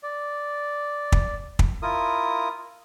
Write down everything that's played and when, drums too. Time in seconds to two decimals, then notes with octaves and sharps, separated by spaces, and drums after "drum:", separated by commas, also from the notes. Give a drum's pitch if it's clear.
0.03 D5
1.12 drum: kick
1.59 drum: kick
1.82 E4 F4 A#4 D#6